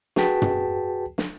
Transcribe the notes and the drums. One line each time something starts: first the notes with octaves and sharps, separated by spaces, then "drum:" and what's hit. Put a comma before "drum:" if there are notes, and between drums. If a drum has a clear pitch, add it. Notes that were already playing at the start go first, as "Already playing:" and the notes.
F#4 G#4 B4 G5 A5 B6, drum: snare
drum: tom
drum: snare